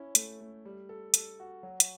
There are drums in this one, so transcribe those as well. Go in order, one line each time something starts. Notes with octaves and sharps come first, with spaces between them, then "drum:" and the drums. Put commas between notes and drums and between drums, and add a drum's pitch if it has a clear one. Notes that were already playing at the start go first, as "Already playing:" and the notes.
Already playing: C#4 E4
A3, drum: hi-hat
A3
G3
A4
A4, drum: hi-hat
F#4
F#3
drum: hi-hat